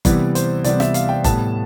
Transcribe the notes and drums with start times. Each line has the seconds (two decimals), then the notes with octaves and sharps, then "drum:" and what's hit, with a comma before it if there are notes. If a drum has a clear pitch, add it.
0.05 C3 E3 G3 B3 D5, drum: kick F#1, hi-hat
0.35 C5, drum: hi-hat
0.64 C3 E3 G3 B3 D5, drum: hi-hat
0.80 E5, drum: snare
0.94 F5, drum: hi-hat
1.09 G5
1.24 A2 G3 B3 A5, drum: kick F#1, hi-hat